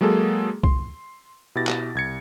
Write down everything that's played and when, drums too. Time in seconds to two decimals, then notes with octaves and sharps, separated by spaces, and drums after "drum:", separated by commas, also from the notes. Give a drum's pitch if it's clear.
0.01 F#3 G#3 A#3 G#4 A4
0.63 C6, drum: kick C2
1.55 B2 E4 G4 A6 A#6
1.67 drum: clap
1.95 C2 G#6 C#7